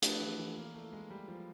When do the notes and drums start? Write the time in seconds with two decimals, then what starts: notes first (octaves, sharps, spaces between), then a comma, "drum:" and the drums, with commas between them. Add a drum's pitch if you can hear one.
0.02 F3 A3 D4 G4 B4, drum: hi-hat
0.21 E3
0.39 E3
0.57 A#3
0.75 A3
0.93 G#3
1.10 G3
1.28 F3